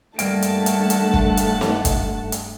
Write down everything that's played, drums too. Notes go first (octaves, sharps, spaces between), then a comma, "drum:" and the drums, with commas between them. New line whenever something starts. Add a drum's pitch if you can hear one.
G2 G3 A3 A#3 F#5 G5 A5, drum: hi-hat
drum: hi-hat
drum: hi-hat
drum: hi-hat
drum: kick
drum: hi-hat
drum: snare
drum: kick, hi-hat
drum: hi-hat